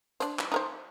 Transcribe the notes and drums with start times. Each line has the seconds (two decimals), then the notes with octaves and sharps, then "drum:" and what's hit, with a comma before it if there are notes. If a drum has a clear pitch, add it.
0.20 D4 C5, drum: hi-hat
0.39 drum: clap
0.52 D#4 A#4 C5